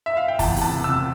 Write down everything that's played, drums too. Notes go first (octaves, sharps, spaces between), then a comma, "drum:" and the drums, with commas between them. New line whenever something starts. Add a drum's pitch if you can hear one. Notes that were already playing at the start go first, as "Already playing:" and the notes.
E5
F5
G5
E2 A5, drum: kick, open hi-hat
C3, drum: open hi-hat
A5
C3
C3 E6